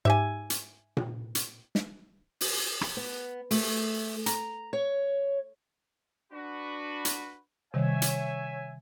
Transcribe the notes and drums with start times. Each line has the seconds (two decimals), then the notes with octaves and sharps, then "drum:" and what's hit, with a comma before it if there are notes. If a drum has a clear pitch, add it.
0.05 G#2 G4 E5 G#5
0.50 drum: hi-hat
0.97 drum: tom A#2
1.35 drum: hi-hat
1.75 drum: snare
2.41 drum: open hi-hat
2.81 drum: rim click
2.97 B3
3.51 A3, drum: open hi-hat
4.26 A#5, drum: hi-hat
4.73 C#5
6.33 D4 F#4 B4
7.05 drum: hi-hat
7.74 C3 D#3 G3 C#5 E5 G#5
8.02 drum: hi-hat